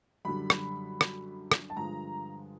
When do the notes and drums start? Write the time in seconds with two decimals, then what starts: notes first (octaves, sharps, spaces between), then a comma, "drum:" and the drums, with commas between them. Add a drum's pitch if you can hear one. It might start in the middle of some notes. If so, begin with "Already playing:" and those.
0.25 F#2 D3 G3 B5
0.50 drum: rim click
1.01 drum: rim click
1.52 drum: rim click
1.70 A5
1.77 G2 D3 F3 G#3 A#5